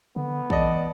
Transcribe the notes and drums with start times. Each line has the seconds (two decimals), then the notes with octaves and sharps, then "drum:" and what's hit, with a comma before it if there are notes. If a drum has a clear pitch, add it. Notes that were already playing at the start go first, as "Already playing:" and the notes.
0.16 D3 B3
0.50 E3 A4 D5 D#5, drum: kick